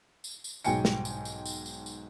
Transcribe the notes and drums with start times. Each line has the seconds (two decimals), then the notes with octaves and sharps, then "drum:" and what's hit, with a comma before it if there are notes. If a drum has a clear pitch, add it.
0.24 drum: tambourine
0.44 drum: tambourine
0.64 B1 G#2 F#3 G5 G#5 C#7, drum: tambourine
0.85 drum: snare
1.05 drum: tambourine
1.25 drum: tambourine
1.46 drum: tambourine
1.66 drum: tambourine
1.86 drum: tambourine